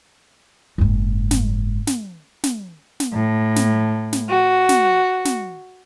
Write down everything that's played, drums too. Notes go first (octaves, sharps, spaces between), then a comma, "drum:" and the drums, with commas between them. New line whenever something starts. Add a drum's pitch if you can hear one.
F#1 G#2
drum: snare
drum: snare
drum: snare
drum: snare
A2
drum: snare
drum: snare
F#4
drum: snare
drum: snare